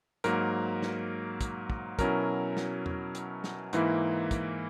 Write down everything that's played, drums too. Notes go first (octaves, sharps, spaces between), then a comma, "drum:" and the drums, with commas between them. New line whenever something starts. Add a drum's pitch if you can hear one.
G#2 F#3 A#3 A#4, drum: hi-hat
drum: snare
drum: kick, hi-hat
drum: kick
B2 F#3 C#4 E4 A#4, drum: kick, hi-hat
drum: snare
drum: tom E2
drum: hi-hat
drum: snare
G#2 E3 A#3 E4, drum: hi-hat
drum: kick, hi-hat